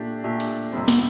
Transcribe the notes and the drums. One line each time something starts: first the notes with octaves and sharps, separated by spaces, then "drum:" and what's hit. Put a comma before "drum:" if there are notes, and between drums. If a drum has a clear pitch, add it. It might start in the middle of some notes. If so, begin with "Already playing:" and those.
Already playing: A#2 A3 D4 G4
A#2 A3 D4 G4
drum: hi-hat
F2 C3 G3 C4
drum: snare